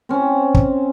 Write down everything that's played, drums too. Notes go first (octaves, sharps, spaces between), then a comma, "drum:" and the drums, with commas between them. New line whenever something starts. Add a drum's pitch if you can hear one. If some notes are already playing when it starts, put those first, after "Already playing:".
C4 C#4
drum: kick